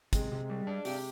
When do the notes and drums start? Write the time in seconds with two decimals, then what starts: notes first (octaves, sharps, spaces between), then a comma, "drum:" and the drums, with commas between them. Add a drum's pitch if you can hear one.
0.13 C3 G#3, drum: kick, hi-hat
0.32 C3
0.49 G3
0.67 D4
0.85 C3 G4, drum: open hi-hat